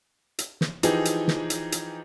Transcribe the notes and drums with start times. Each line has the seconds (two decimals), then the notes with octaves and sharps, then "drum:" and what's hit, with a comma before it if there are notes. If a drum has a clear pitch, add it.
0.39 drum: hi-hat
0.61 drum: snare
0.83 E3 F3 D#4 G4 G#4, drum: hi-hat
1.05 drum: hi-hat
1.28 drum: snare
1.50 drum: hi-hat
1.72 drum: hi-hat